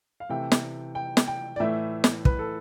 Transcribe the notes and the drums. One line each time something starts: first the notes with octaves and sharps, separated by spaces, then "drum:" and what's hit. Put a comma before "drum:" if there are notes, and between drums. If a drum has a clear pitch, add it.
F5
C3 E3 A3 G5
drum: snare
G5
drum: snare
G5
D5
A2 E3 A3 E5
drum: snare
B4, drum: kick
A4